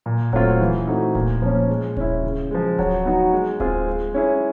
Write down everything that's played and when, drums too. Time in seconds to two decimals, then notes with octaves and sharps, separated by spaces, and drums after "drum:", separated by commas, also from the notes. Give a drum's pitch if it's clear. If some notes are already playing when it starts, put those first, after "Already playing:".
0.06 A#2
0.33 F#3 A3 C4 F4, drum: kick D1
0.61 E3
0.87 A3 C4 D#4 F#4
1.15 A#2, drum: kick D1
1.42 F3 A#3 C#4
1.70 G#3
1.97 C#4 E4, drum: kick D1
2.23 C#3
2.51 F3 G#3
2.79 F#3, drum: kick D1
3.05 B3 D#4 F#4
3.33 G#3
3.60 C4 F4 G#4, drum: kick D1
3.86 G#3
4.14 C#4 E4 G#4